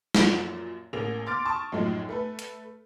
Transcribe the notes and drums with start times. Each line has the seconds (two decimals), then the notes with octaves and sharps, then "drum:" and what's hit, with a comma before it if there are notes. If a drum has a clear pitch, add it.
0.15 F#2 A#2 F3, drum: snare
0.93 A1 A#3 G#4 G#5 F7
1.26 C6 D6 F6 A6 D7
1.45 A5 C#6 D#6
1.72 F#2 A2 F3 G#3 A3 D#4
2.09 A3 A4 B4
2.39 drum: hi-hat